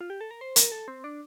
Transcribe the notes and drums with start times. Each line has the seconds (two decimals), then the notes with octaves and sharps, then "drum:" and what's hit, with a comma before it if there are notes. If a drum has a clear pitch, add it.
0.01 F4
0.10 G4
0.21 A4
0.31 A#4
0.41 C5
0.56 A#4, drum: hi-hat
0.72 A4
0.88 C4
1.04 D4